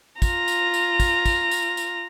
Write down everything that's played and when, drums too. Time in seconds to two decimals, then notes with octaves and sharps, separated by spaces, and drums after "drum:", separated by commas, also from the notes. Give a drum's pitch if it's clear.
0.22 F4 A#5, drum: kick, tambourine
0.48 drum: tambourine
0.74 drum: tambourine
1.00 drum: kick, tambourine
1.25 drum: kick, tambourine
1.51 drum: tambourine
1.77 drum: tambourine